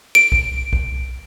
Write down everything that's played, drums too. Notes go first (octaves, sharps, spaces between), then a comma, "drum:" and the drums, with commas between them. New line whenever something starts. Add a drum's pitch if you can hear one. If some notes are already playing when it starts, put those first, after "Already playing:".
D7
drum: kick B1
drum: kick B1